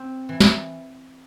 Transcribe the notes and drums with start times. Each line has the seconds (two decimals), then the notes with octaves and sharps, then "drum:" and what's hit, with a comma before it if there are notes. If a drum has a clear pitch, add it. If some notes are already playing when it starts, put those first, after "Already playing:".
Already playing: C4
0.29 E3
0.40 drum: snare